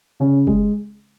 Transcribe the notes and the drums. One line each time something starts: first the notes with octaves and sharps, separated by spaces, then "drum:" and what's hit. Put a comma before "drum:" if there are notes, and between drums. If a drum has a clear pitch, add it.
C#3 C#4
G#3, drum: kick G1